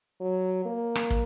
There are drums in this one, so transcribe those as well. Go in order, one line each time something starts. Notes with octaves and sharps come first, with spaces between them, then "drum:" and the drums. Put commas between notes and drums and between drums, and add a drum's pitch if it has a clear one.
F#3
A#3
drum: rim click
drum: kick